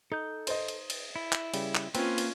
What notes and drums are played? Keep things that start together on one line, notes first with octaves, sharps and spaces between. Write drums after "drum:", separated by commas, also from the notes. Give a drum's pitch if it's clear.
D#4 A4 G6
C5 D#5, drum: cymbal
drum: cymbal
drum: cymbal
E4
drum: clap
C#3 G3, drum: cymbal
drum: clap
A#3 C4 C#4 F4 B4, drum: cymbal
drum: cymbal